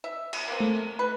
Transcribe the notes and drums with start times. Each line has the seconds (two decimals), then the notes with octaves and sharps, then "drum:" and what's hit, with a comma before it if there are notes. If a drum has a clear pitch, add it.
0.04 E5
0.33 drum: cymbal
0.48 A#3 C4
0.60 A3
0.99 B4